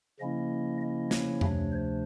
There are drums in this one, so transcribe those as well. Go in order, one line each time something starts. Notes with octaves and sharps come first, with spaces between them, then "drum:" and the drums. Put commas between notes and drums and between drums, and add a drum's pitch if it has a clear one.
C#3 F3 A#3 C#4 E4 D#5
D#5
C#5, drum: snare
D2 C3 F3 A3 D4, drum: tom F2
C5